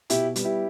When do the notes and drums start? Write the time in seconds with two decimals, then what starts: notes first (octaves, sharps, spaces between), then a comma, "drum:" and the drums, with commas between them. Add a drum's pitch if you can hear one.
0.10 B2 E4 G4, drum: hi-hat
0.36 G3 B3, drum: hi-hat
0.44 E4 G4